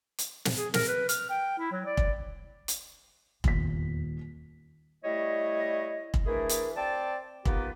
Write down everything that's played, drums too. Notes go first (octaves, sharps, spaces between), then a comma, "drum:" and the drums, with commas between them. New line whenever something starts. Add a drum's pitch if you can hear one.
drum: hi-hat
drum: snare
G#4
A#4, drum: snare
B4
F6, drum: hi-hat
G5
E4
F#3
D5
drum: kick
drum: hi-hat
D#1 E2 B6, drum: kick
G3 A3 E4 C#5 D#5
drum: kick
E3 A3 D4 E4 G#4 A#4
drum: hi-hat
C4 D5 G5 A5
A#3 B3 D#4 F4 G4 B4, drum: kick